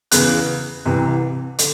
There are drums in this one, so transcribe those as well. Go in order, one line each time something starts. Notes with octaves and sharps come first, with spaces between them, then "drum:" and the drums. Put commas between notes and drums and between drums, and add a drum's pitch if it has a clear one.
E2 C#3 E3 F#6, drum: hi-hat
C2 C3 E3
D3, drum: hi-hat